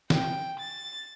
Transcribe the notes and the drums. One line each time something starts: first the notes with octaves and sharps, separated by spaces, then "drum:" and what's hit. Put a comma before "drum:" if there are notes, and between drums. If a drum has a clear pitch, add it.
G5, drum: snare
A6